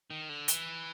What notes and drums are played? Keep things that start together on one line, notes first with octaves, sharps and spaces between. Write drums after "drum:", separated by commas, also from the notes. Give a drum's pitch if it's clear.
D#3
D3
E3, drum: hi-hat